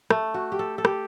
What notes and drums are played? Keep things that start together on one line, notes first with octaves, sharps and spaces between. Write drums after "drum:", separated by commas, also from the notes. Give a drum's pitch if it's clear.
A3, drum: rim click
F#4
G4
A4
A4
G4, drum: rim click